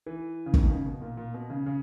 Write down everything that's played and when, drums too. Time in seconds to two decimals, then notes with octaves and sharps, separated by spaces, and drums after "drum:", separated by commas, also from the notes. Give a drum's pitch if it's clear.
0.06 E3
0.46 C#3
0.54 D#3, drum: kick
0.63 B2
0.70 C#3
0.86 B2
1.02 A#2
1.17 A#2
1.34 B2
1.50 C#3
1.66 C#3